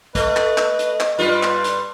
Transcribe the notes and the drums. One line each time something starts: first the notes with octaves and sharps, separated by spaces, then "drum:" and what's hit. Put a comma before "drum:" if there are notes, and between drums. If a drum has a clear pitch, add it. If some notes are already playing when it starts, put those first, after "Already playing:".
A3 B4 D#5, drum: kick, hi-hat
drum: clap
drum: clap
drum: hi-hat
drum: clap
G2 G3 F4 B4
drum: clap
drum: hi-hat